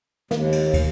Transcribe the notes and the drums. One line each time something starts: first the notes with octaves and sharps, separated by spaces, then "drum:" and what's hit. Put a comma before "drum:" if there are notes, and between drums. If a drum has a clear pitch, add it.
D#2 D#3 A#3, drum: snare
drum: cymbal
drum: kick, cymbal